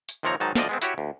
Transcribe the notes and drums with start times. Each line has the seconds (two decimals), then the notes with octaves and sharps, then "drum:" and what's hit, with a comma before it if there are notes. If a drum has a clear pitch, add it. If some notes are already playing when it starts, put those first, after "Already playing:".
0.09 drum: hi-hat
0.23 D#2 C3 F3 C4 C#5 A#5
0.40 G#2 D#3 F#3 D#4 A5
0.55 D2 F3 D5 D#5, drum: snare
0.69 G#3 B3 C4
0.82 E4 F#4 G4 C#5, drum: hi-hat
0.98 D2